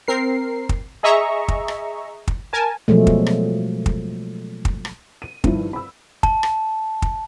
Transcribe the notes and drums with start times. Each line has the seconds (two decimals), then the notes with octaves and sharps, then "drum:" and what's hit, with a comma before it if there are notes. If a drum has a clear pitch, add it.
0.08 C4 A#4 C7
0.69 drum: kick
1.03 G#4 D#5 E5 A#5 C#6
1.48 drum: kick
1.68 drum: rim click
2.28 drum: kick
2.53 A#4 G#5 A5
2.88 B2 F3 F#3 G#3 A3
3.07 drum: kick
3.26 drum: rim click
3.86 drum: kick
4.65 drum: kick
4.85 drum: rim click
5.22 D#7
5.44 G2 D#3 F3 E4, drum: kick
5.73 B5 E6
6.23 A5, drum: kick
6.43 drum: rim click
7.02 drum: kick